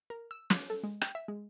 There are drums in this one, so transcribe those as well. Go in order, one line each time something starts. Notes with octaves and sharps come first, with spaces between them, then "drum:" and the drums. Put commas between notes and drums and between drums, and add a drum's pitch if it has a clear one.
A#4
E6
D6, drum: snare
A4
G#3
G5, drum: rim click
E5
G#3